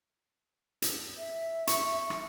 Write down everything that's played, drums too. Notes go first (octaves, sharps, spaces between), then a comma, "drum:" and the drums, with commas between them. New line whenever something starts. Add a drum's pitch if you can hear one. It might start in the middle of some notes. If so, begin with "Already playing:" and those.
drum: hi-hat
E5
C#6, drum: hi-hat
drum: rim click